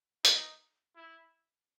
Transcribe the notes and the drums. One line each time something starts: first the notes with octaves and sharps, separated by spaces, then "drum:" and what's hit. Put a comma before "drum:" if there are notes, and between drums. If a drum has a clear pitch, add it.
D#4, drum: hi-hat
E4